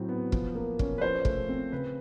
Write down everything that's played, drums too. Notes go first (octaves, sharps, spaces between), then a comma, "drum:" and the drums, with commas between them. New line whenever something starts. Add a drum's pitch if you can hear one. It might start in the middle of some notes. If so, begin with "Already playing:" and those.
Already playing: A2 F#3 C4
B3
F3, drum: kick
A#3
C#4, drum: kick
B4
F3 C5
A3, drum: kick
C4
C#3 B4